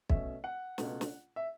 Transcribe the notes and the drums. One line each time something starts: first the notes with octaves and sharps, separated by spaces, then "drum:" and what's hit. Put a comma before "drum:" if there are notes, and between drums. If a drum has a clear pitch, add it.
B2 A3 C#4 E5, drum: kick
F#5
C#2 B2 A3, drum: snare
drum: snare
E5